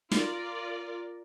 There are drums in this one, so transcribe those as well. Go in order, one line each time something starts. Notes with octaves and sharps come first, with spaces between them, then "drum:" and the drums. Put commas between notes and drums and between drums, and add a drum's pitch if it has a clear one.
F4 A#4 D5, drum: snare